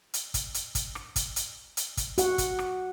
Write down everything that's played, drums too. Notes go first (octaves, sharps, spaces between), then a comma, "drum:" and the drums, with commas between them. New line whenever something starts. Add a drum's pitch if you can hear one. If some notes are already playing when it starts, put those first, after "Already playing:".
drum: hi-hat
drum: kick, hi-hat
drum: hi-hat
drum: kick, hi-hat
drum: rim click
drum: kick, hi-hat
drum: hi-hat
drum: hi-hat
drum: kick, hi-hat
F#4 F#5, drum: hi-hat
drum: kick, hi-hat
drum: rim click